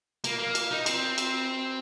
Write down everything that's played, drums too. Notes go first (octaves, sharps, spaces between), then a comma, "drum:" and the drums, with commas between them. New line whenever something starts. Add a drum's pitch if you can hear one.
A#3, drum: cymbal
A#3
drum: cymbal
D#4
C4, drum: cymbal
drum: cymbal